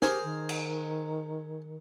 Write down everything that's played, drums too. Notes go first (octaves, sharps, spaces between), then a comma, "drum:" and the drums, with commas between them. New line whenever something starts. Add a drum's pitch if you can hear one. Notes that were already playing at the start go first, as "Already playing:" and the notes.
G4 G#4 A#4 C5, drum: snare
D#3
drum: cymbal